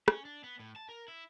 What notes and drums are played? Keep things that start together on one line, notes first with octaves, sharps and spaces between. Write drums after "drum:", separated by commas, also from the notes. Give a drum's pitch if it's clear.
C#4, drum: rim click
D4
B3
A2
A5
A#4
E4